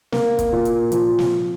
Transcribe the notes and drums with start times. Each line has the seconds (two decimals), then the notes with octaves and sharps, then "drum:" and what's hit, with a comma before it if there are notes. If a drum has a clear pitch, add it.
0.12 A#3, drum: snare
0.39 drum: kick, hi-hat
0.52 A#2
0.65 drum: hi-hat
0.92 F3, drum: hi-hat
1.19 drum: snare